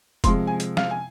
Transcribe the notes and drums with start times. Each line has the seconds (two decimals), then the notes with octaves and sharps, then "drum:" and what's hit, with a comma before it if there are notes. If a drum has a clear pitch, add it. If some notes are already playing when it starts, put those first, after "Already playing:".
0.24 C3 F3 G#3 C6, drum: kick, hi-hat
0.47 G#5
0.60 drum: hi-hat
0.77 F5, drum: snare
0.91 G#5